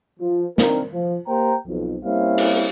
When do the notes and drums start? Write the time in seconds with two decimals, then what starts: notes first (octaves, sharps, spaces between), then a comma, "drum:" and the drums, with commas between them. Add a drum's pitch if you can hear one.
0.20 F3
0.58 C4 D4 D#4 A#4, drum: snare
0.93 F3
1.28 A#3 G4 C5 G5 A#5
1.67 B1 F2
2.05 G3 A#3 C4 C#4 E4 F5
2.38 drum: cymbal